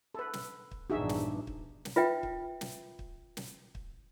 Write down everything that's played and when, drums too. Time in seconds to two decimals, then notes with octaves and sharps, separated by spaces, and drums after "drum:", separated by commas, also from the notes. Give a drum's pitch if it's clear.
0.14 A4 B4
0.33 drum: snare
0.71 drum: kick
0.90 A#1 E2 G2 D4 D#4 F#4 G#4 E5
1.09 drum: snare
1.47 drum: kick
1.85 drum: snare
1.96 F4 B4 E5 G5
2.23 drum: kick
2.61 drum: snare
2.99 drum: kick
3.37 drum: snare
3.75 drum: kick